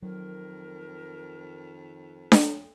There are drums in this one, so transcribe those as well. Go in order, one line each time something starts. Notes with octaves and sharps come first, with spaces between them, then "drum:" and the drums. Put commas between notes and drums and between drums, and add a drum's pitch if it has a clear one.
F2 D#3 F#3 A#4
drum: snare D4